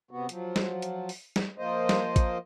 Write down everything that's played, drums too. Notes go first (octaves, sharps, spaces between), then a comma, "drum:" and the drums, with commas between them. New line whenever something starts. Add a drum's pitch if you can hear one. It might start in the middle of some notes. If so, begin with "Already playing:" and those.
C3 B3 F#4
F3 F#3, drum: hi-hat
drum: snare
drum: hi-hat
drum: open hi-hat
drum: snare
F3 A#3 C5 D#5
drum: snare
drum: kick A1, hi-hat